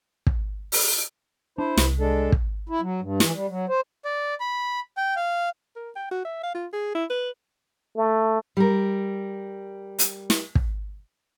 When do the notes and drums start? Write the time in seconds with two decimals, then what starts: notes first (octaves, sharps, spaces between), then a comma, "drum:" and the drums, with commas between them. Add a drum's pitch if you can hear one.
0.27 drum: kick
0.72 drum: open hi-hat
1.58 D4 E4 C5
1.77 C2, drum: snare
2.00 G#3 D4 A4
2.32 drum: kick
2.69 E4
2.81 F#3
3.01 G2
3.20 E3, drum: snare
3.33 G3
3.49 F#3
3.69 C5
4.05 D5
4.40 B5
4.97 G5
5.16 F5
5.76 A#4
5.95 G5
6.11 F#4
6.25 E5
6.43 F5
6.54 F4
6.73 G#4
6.94 E4
7.10 B4
7.96 A3
8.57 G3 A#4
9.99 drum: hi-hat
10.30 drum: snare
10.55 drum: kick